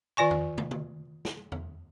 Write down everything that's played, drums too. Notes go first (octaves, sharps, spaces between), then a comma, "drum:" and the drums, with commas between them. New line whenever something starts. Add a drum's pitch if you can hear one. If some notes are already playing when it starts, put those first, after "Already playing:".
D#3 F4 D5 G#5 C#6
drum: tom E2
drum: tom
drum: tom
drum: snare
drum: tom E2